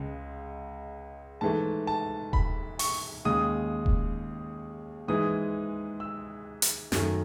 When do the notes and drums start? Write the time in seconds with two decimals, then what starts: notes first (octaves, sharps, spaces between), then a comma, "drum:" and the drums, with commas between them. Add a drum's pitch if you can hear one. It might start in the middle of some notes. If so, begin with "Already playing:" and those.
Already playing: C#2 C#3 G#3
1.41 G#2 E3 A3 A5
1.87 A5
2.33 B5, drum: kick D#1
2.79 C#6, drum: open hi-hat
3.25 D#2 C#3 G#3 D#6
3.86 drum: kick D#1
5.08 G#2 E3 G#3 D#6
6.00 E6
6.62 drum: hi-hat
6.92 F#2 D#3 F#3 A3, drum: snare